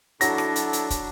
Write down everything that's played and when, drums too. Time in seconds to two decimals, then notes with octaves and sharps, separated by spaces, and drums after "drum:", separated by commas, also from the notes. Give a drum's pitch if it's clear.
0.21 F#3 D4 E4 A4 A#6, drum: hi-hat
0.38 drum: rim click
0.56 drum: hi-hat
0.73 drum: hi-hat
0.90 drum: kick, hi-hat